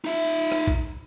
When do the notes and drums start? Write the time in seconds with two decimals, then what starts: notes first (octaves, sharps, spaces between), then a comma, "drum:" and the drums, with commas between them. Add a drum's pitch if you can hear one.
0.05 D#4 E5
0.52 drum: rim click
0.67 drum: kick A#1